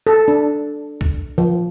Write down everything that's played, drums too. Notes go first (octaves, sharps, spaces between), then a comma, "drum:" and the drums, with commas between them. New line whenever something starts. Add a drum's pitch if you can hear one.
A4
D4
drum: kick C2
F3